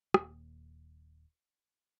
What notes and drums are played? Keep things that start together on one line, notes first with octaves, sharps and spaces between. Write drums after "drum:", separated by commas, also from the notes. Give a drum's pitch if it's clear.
D#1 D#2 A#3, drum: rim click